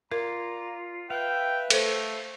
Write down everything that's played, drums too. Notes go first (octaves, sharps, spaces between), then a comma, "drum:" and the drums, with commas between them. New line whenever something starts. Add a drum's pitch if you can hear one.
F4 A#4 D5 A#5
B4 E5 F5 G5
A3 A4 C5, drum: cymbal